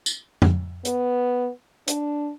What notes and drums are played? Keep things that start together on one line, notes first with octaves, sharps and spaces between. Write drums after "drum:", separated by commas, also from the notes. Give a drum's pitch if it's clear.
drum: tambourine
drum: tom F2
B3, drum: hi-hat
D4, drum: hi-hat